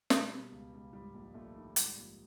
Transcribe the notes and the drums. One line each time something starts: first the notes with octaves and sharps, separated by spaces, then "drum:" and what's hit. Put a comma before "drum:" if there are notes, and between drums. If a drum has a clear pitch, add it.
B2 G3, drum: snare
B2
C#2
C#2
G#2 G3
A#1
A#1 A3
D#3
G#2 G3, drum: hi-hat
A#1